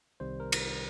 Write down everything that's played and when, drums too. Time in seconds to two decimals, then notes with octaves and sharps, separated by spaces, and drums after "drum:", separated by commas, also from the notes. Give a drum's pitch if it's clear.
0.20 C2 C3 D#3 G3 C5
0.40 A#4
0.52 drum: cymbal